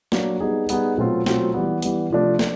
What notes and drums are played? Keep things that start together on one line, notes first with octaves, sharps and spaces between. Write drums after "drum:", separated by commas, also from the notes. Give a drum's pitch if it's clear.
F#3 A#3 D4, drum: snare
G3 B3 D#4 G#4
G3 B3 D#4 G#4, drum: hi-hat
B2 F#3 A3 C4 F4
B2 F#3 A3 C4 F4, drum: snare
E3 G3 B3
E3 G3 B3, drum: hi-hat
C3 F3 A3 D4
A3 D4, drum: snare